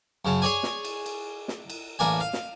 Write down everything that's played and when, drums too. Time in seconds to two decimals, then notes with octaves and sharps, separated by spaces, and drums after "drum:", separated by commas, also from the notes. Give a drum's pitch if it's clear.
0.25 F#2 C#3 A5
0.42 G#4 C#5 D5 G#5
0.63 drum: snare
0.84 drum: cymbal
1.06 drum: cymbal
1.48 drum: snare
1.70 drum: cymbal
1.99 A1 A#3 D5 G#5
2.20 F5
2.33 drum: snare